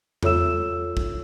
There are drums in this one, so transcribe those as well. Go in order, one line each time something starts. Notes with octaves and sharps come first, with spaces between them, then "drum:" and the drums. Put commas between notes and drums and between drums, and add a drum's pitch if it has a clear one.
F4 A4 C#5 E5 E6 E7, drum: tom E2
drum: kick